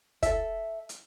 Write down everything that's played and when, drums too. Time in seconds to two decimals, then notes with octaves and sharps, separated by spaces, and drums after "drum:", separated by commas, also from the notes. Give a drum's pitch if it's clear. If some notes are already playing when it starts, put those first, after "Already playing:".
0.23 A4 E5, drum: kick, hi-hat
0.89 drum: hi-hat